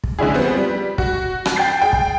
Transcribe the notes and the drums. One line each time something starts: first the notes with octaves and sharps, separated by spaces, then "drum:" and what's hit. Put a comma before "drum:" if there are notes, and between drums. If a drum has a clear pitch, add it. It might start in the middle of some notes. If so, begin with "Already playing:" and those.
drum: kick
D3 G#3 C#4 E4 G#4
F3 G3 B3 C4
G3
F#4, drum: kick
drum: rim click
G5 A5 G6 A6 C7
G#4 G5
drum: kick